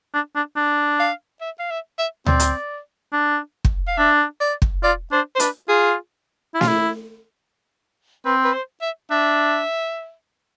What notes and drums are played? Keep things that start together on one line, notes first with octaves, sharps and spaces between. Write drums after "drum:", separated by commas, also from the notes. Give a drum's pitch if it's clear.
D4
D4
D4
F5
E5
F5
E5
E5
C4 D5, drum: tom D2
drum: hi-hat
D4
drum: kick
F5
D4 E5
D5
drum: kick
F4 D5
D4 C5
C5
D4 B4, drum: hi-hat
F4 G#4
E4
F4, drum: snare
E4
C4 B4
B4
C5
E5
D4 E5